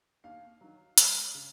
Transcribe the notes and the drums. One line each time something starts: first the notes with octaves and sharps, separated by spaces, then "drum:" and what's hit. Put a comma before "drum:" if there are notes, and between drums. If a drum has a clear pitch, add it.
D#2 F5
D#3 F#3
C#2, drum: hi-hat
C#3